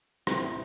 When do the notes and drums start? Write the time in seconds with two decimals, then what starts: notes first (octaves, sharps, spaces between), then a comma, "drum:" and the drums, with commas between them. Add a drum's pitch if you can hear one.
0.27 C4, drum: rim click
0.39 E4